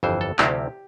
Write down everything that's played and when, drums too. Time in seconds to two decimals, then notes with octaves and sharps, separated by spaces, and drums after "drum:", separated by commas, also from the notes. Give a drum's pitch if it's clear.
0.03 G1 F2 E3 C5
0.21 A4
0.39 D2 C3 F3 C4 E4 G4, drum: clap